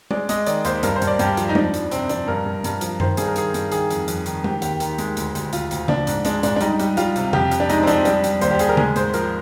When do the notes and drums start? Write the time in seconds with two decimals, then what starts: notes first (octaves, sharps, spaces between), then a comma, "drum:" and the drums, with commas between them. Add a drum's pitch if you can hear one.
0.11 G#3 D5, drum: tom G#3
0.29 G#3 D#5, drum: hi-hat
0.47 D#3 D5, drum: hi-hat
0.65 D#2 C5, drum: hi-hat
0.83 G2 A#4, drum: hi-hat
0.96 C5
1.02 G2, drum: hi-hat
1.07 D5
1.19 G2 G4, drum: hi-hat
1.37 F3, drum: hi-hat
1.49 D#4
1.55 F2 D4, drum: tom G#3
1.74 F3, drum: hi-hat
1.91 C3 C4, drum: hi-hat
2.09 F2 D4, drum: hi-hat
2.28 G2 A#4
2.46 G2
2.64 G2, drum: hi-hat
2.81 F3, drum: hi-hat
3.00 D#3 C5, drum: tom F#2
3.17 G2 G#4, drum: hi-hat
3.27 A#4
3.36 D#3 G#4, drum: hi-hat
3.54 G2, drum: hi-hat
3.72 D#3 G#4, drum: hi-hat
3.91 F2, drum: hi-hat
4.08 F2, drum: hi-hat
4.26 D#3, drum: hi-hat
4.44 D#3 G4, drum: tom G#3
4.62 D#2 G4, drum: hi-hat
4.80 D#3, drum: hi-hat
4.98 G#3, drum: hi-hat
5.17 D2, drum: hi-hat
5.35 D2, drum: hi-hat
5.53 D2 F4, drum: hi-hat
5.71 D2, drum: hi-hat
5.88 F3 D4, drum: tom C#3
6.07 G#2, drum: hi-hat
6.25 G#3 D4, drum: hi-hat
6.43 G#2 D4, drum: hi-hat
6.56 D4
6.61 G3 D#4, drum: hi-hat
6.79 G3, drum: hi-hat
6.97 G3 F4, drum: hi-hat
7.16 C3, drum: hi-hat
7.33 F2 G4, drum: tom C3
7.51 F2, drum: hi-hat
7.60 D4
7.70 G#3 D#4, drum: hi-hat
7.83 C4
7.87 F2 D4, drum: hi-hat
8.05 G3 D4, drum: hi-hat
8.24 G3, drum: hi-hat
8.41 D#2 C5, drum: hi-hat
8.51 G4
8.59 D#2 G#4, drum: hi-hat
8.69 A#4
8.77 G#3 G#4, drum: tom C#3
8.96 G#2 C5, drum: hi-hat
9.14 F3 A#4, drum: hi-hat